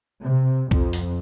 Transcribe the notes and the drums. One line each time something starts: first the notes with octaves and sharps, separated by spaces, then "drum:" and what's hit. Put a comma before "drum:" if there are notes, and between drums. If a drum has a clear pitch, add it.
C3
F2, drum: kick
drum: open hi-hat